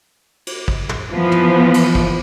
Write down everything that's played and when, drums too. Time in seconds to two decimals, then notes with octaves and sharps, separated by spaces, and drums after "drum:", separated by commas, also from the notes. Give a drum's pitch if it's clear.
0.47 drum: cymbal
0.68 drum: kick
0.89 drum: tom
1.10 E3 F3 B3
1.32 drum: tom
1.74 drum: cymbal
1.95 drum: kick